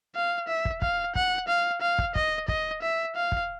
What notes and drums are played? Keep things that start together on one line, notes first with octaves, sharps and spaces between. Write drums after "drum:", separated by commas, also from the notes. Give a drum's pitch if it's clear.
F5
E5
drum: kick
F5, drum: kick
F#5, drum: kick
F5
F5
drum: kick
D#5, drum: kick
D#5, drum: kick
E5
F5
drum: kick